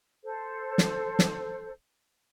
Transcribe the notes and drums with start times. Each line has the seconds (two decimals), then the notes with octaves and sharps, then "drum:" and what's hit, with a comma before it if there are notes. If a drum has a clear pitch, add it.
0.24 A4 C5
0.78 drum: snare
1.19 drum: snare